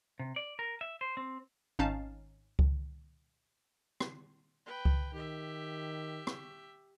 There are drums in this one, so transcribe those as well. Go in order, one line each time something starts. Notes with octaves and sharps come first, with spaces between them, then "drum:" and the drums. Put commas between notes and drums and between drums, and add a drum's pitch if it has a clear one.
C3
D5
A#4
E5
C5
C4
G#1 C#4 D#4 F5 A5
drum: kick C#2
drum: rim click
B4 G5
drum: kick C#2
D#3 G4 E5
drum: rim click